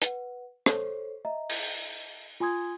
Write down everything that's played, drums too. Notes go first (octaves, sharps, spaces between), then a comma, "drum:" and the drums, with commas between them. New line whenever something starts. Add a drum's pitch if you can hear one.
B4 F#5, drum: hi-hat
A4 C5 C#5, drum: rim click
D#5 E5 A#5
drum: open hi-hat
F4 G#5 C6 D#6 G#6